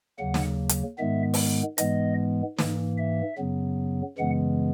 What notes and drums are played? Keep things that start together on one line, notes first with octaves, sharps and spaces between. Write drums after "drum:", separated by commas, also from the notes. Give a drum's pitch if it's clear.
D#2 C#3 F#3 A#3 F#5
drum: snare
drum: hi-hat
G#2 D#3 G#3 B3 E5
drum: open hi-hat
G#2 E3 G#3 B3 D#5, drum: hi-hat
G#2 E3 A#3, drum: snare
E5
F#2 C#3 F#3 B3
F#2 C#3 E3 G#3 B3 F#5